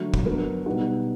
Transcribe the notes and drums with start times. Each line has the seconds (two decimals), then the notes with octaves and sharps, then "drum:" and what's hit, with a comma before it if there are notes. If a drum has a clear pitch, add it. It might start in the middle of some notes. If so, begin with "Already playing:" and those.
Already playing: D3 F#3 A3
0.14 drum: kick
0.26 F#3 B3 D4 F#4 A#4
0.66 B2 G3 B3 D#4 F#4